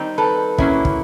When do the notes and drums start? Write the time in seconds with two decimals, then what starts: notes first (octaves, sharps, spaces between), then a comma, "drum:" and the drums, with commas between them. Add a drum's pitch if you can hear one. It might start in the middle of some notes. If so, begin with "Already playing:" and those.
Already playing: D#3 G3 C4 D#4
0.18 A4 B4
0.58 F#3 A#3 C#4 E4, drum: kick
0.85 drum: kick